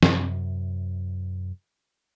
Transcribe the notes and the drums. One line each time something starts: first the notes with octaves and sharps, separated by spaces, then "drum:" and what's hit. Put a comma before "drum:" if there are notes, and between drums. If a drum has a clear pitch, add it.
F#2 C3 F#3, drum: snare